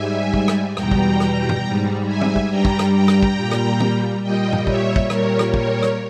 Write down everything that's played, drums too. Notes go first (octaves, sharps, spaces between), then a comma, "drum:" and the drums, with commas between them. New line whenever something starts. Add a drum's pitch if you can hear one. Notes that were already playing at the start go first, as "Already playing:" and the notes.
Already playing: G#2 G3 E5 G#5
drum: kick
drum: rim click
E2 B2 G3 G5 A#5, drum: rim click
drum: kick
drum: rim click
drum: tom
G#2 G3
E5 G#5
drum: tom
drum: kick
G2 G3 G5 A#5
drum: kick
drum: rim click
G5 A#5
drum: rim click
drum: kick
A#2 G3
drum: rim click
drum: tom
A#2 G3 D#5 G5
drum: tom
C#5 E5, drum: kick
drum: kick
A#2 G3 A#4 C#5, drum: rim click
drum: rim click
A#4 C#5, drum: kick
drum: rim click